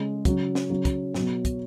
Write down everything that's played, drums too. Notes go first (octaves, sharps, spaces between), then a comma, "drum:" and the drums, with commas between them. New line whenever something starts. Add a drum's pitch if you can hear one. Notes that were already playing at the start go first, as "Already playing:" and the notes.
Already playing: C#3 G#3
C#3 F#3, drum: kick, hi-hat
drum: snare
C#3 F#3
drum: kick, hi-hat
B2 F#3, drum: snare
drum: kick, hi-hat